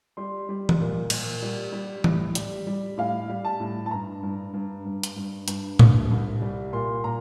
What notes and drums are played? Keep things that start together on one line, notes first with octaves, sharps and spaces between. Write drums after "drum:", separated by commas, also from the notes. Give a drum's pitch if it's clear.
G3 C6
G3
drum: tom E3
A#2
A#2, drum: cymbal
G3
G3
A2, drum: tom E3
G3, drum: hi-hat
G3
A2 F5
G3
A5
A2
A5
G2 A#5
G2
G2
G2
drum: hi-hat
G2
G2, drum: hi-hat
C2, drum: tom A2
C2
G3
A#2 C6
A#2 A#5